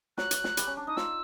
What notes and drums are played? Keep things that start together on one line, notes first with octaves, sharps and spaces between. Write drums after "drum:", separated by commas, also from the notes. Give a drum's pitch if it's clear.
F#3 F#6, drum: snare
drum: hi-hat
drum: snare
G3, drum: hi-hat
C#4
D4
D#4 D#6
F4 E6, drum: snare